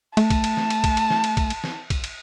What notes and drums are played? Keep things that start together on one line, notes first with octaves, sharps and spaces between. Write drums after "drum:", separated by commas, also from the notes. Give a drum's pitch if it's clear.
A3 A5, drum: cymbal
drum: kick B1, cymbal
drum: cymbal
drum: snare
drum: cymbal
drum: kick B1, cymbal
drum: cymbal
drum: snare
drum: cymbal
drum: kick B1, cymbal
drum: cymbal
drum: snare
drum: kick B1, cymbal
drum: cymbal